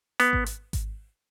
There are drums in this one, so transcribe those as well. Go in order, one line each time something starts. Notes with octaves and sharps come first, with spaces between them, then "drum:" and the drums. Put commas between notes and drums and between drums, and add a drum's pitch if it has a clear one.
B3, drum: hi-hat
drum: kick G#1
drum: hi-hat
drum: kick G#1, hi-hat